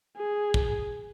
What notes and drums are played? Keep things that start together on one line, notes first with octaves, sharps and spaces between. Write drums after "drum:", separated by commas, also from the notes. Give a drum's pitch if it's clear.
G#4
drum: kick